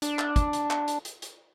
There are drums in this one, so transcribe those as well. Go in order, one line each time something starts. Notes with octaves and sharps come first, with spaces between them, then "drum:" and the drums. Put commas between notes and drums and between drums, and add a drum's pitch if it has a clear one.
D4, drum: hi-hat
drum: clap
drum: kick, hi-hat
drum: hi-hat
drum: clap
drum: hi-hat
drum: hi-hat
drum: hi-hat